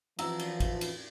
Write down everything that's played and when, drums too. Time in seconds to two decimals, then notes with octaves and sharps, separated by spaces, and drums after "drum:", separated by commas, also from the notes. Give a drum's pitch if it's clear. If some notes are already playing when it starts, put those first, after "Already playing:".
0.19 E3 F3 F#5 A#5 E6, drum: cymbal
0.39 drum: cymbal
0.60 drum: kick, cymbal
0.81 drum: cymbal